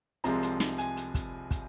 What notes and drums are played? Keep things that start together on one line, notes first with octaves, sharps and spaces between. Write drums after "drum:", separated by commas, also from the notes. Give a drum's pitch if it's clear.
C2 C3 F3 G#3 C4 A#5, drum: hi-hat
drum: hi-hat
drum: snare
G#5, drum: hi-hat
drum: hi-hat
drum: kick, hi-hat
drum: kick, hi-hat